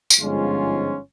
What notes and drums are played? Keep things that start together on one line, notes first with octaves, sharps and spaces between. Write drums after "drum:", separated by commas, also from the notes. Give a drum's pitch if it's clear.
drum: tambourine
G1 G#2 F3 G#3 C#4 F4